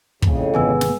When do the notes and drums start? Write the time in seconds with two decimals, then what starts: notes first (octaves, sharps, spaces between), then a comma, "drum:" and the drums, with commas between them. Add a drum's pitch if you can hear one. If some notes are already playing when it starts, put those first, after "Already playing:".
0.22 D#1 A#1 F2 A2 C#3, drum: kick
0.54 G#1 C3 E3 B3 G#4 G#5 E6
0.81 drum: snare